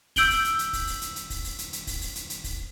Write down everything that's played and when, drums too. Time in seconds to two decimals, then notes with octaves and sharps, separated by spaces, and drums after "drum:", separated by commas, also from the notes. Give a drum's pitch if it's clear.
0.16 E6 G6 D7 F#7 G7, drum: kick, open hi-hat
0.30 drum: open hi-hat
0.45 drum: hi-hat
0.59 drum: hi-hat
0.73 drum: kick, open hi-hat
0.87 drum: open hi-hat
1.02 drum: hi-hat
1.16 drum: hi-hat
1.30 drum: kick, open hi-hat
1.44 drum: open hi-hat
1.59 drum: hi-hat
1.73 drum: hi-hat
1.87 drum: kick, open hi-hat
2.01 drum: open hi-hat
2.15 drum: hi-hat
2.30 drum: hi-hat
2.44 drum: kick, open hi-hat